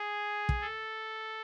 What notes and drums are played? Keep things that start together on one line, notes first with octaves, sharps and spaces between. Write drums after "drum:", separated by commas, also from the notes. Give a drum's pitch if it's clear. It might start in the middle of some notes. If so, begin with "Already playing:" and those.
Already playing: G#4
drum: kick
A4